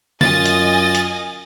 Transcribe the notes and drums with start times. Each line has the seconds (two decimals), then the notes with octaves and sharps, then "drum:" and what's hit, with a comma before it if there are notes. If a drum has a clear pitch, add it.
0.21 F#2 F4 D#5 G#5 A6, drum: snare
0.46 drum: hi-hat
0.95 drum: hi-hat